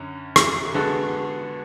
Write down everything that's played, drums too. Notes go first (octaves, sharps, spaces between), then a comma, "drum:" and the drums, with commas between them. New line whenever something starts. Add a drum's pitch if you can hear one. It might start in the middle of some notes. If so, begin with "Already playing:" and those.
Already playing: F#2 D3 C#4
drum: rim click
D3 G#3 B3 F#4 A4